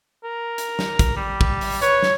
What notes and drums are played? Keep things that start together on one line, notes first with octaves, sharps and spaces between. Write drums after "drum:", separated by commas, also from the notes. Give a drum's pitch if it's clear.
A#4
drum: hi-hat
drum: snare
drum: kick, hi-hat
G3
drum: kick
drum: open hi-hat
B4 C#5, drum: hi-hat
drum: snare